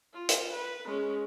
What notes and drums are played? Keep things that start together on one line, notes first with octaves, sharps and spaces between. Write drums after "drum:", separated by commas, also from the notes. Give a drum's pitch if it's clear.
F4
drum: hi-hat
B4
G#3 C#4